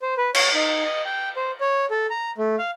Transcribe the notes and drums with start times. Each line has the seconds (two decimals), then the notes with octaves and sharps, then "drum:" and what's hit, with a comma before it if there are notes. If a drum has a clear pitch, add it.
0.02 C5
0.17 B4
0.35 C#5, drum: cymbal
0.55 D#4
0.85 D#5
1.06 G5
1.36 C5
1.61 C#5
1.91 A4
2.10 A#5
2.38 A3
2.59 F5